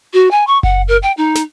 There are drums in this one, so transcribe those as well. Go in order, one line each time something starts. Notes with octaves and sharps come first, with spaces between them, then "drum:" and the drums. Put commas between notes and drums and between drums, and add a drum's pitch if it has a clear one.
F#4
G#5
C#6
F#5, drum: kick F#1
A#4
G5
D#4
drum: snare